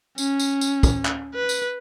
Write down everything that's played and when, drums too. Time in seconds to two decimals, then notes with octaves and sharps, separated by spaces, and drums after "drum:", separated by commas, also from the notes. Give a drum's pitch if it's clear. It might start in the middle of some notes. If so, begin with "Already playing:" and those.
0.18 C#4, drum: tambourine
0.40 drum: tambourine
0.61 drum: tambourine
0.83 drum: kick, tambourine
1.05 drum: clap
1.34 B4
1.49 drum: tambourine